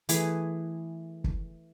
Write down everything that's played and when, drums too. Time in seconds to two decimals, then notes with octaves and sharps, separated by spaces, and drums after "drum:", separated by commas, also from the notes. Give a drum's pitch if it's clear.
0.09 E3 A3 G#4 D6, drum: hi-hat
1.24 drum: kick